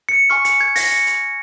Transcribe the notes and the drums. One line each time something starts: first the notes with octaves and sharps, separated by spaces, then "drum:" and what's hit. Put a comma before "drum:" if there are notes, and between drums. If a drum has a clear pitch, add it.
C#7
G#5 C#6 F6
C#7, drum: hi-hat
G#6
A#6, drum: open hi-hat
C#7
drum: hi-hat